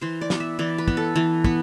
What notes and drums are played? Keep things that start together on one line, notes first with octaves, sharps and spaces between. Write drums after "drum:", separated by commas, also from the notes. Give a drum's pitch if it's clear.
E3 C5
D5
B3, drum: snare
E5
E3 D5
B4
B3, drum: kick
A4
E3
B3, drum: kick